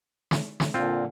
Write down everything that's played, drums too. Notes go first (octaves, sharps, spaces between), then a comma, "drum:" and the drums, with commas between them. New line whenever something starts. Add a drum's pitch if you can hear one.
drum: snare
drum: snare
A#2 D3 C4 F4